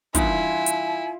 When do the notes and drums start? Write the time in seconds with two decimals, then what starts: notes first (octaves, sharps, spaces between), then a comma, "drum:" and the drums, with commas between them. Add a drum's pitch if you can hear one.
0.15 E2 G2 D#3 E4 F4 G#5, drum: kick, hi-hat
0.66 drum: hi-hat